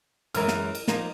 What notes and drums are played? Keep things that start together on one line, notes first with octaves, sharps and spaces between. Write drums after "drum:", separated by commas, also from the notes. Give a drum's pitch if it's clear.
F#2 E3 G#3 A#4 F6, drum: cymbal
drum: snare
drum: cymbal
F3 A#3 D#4, drum: snare